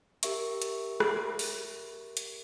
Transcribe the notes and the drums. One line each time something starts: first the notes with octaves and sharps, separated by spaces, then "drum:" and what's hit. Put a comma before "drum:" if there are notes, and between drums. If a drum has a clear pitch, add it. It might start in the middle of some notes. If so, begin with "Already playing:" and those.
G4 A#4 E5 C#6, drum: hi-hat
drum: hi-hat
drum: rim click
drum: open hi-hat
drum: hi-hat